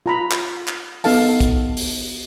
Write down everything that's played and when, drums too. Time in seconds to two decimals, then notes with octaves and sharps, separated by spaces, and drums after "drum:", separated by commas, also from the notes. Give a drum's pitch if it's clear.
0.06 F4 A#5 B5
0.31 drum: clap
0.68 drum: clap
1.04 B3 D#4 A4 F5 A5, drum: open hi-hat
1.40 drum: kick, hi-hat
1.77 drum: open hi-hat